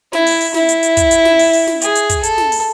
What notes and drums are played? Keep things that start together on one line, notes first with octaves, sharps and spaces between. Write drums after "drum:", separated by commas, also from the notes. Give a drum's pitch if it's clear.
E4, drum: snare
drum: open hi-hat
drum: open hi-hat
E4, drum: snare
drum: hi-hat
drum: hi-hat
drum: kick, hi-hat
drum: hi-hat
drum: snare
drum: open hi-hat
drum: open hi-hat
drum: snare
G#4, drum: hi-hat
drum: hi-hat
drum: kick, hi-hat
A4, drum: hi-hat
drum: snare
drum: open hi-hat